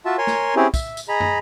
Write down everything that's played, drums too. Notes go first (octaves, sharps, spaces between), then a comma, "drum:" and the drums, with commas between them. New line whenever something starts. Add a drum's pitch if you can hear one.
F4 F#4 E5 A5
A#4 C#5 G#5 C6
drum: snare
C4 C#4 E4 G4 G#4
E5, drum: kick, tambourine
drum: tambourine
G#4 D#5 A#5 B5
drum: tom